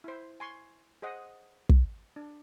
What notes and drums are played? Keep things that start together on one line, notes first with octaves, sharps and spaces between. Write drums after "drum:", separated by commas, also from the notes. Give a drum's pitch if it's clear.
E4 C5
G#5 C6 C#6
G#4 C5 D#5 F#5
drum: kick
D4